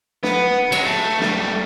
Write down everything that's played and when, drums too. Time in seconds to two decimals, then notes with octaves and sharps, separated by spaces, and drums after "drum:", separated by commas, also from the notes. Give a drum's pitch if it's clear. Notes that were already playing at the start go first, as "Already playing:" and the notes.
0.23 B3, drum: snare
0.72 F#3 G#3, drum: cymbal
0.85 A3
1.21 G3 A3, drum: snare